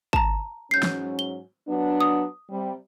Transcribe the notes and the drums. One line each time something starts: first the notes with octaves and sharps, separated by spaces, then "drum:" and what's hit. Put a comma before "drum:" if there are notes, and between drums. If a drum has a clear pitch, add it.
A5 A#5, drum: kick G#1
G#2 F#3 C#4 G6 C7
drum: snare
G7
F#3 B3 D4
D#6
C3 G3